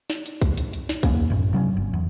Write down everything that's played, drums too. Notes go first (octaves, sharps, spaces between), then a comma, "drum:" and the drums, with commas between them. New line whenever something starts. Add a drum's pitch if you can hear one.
drum: snare
drum: hi-hat
drum: kick, hi-hat
drum: hi-hat
drum: hi-hat
drum: snare
E2 A#3 C#4, drum: kick, hi-hat
A1 F#2 A2
C3 F#3 G3 C#4
G1
E2